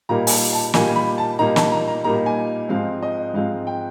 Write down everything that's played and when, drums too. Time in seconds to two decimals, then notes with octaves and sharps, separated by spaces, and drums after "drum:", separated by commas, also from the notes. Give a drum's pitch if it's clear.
0.09 A#2 G3 A#3 D#4 A#5
0.27 G#5, drum: open hi-hat
0.31 A5
0.53 A5
0.74 A#2 G3 A#3 D#4 G#5, drum: snare
0.96 B5
1.18 A5
1.39 A#2 G3 A#3 D#4 A#5
1.56 A5, drum: snare
1.72 A#5
1.87 A#5
2.04 A#2 G3 A#3 D#4 A#5
2.26 G#5
2.69 G#2 F3 G#3 C4 F5
3.03 D#5
3.34 G#2 F3 G#3 C4 F5
3.67 G5